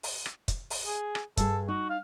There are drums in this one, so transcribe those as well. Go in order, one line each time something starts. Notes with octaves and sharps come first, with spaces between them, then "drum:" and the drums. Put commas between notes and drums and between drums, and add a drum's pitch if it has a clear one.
drum: open hi-hat
drum: rim click
drum: kick, hi-hat
drum: open hi-hat
G#4
drum: rim click
G2 G#4 A4, drum: kick, hi-hat
D#4 F#4
F5